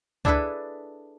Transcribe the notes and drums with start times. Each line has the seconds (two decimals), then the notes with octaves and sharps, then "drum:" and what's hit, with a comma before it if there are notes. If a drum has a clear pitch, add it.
0.25 D4 E4 G#4 A4 B4, drum: kick C#2